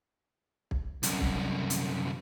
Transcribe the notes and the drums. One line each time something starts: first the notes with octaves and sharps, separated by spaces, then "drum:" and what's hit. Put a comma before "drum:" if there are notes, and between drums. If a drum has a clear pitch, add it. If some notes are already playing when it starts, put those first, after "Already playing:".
drum: kick
C2 F#2, drum: hi-hat
drum: kick
drum: hi-hat